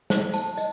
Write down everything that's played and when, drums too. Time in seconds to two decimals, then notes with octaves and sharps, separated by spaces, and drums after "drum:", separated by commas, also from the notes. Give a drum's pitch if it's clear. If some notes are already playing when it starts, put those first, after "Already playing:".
0.10 C5, drum: snare
0.34 A5, drum: tambourine
0.58 D#5, drum: tambourine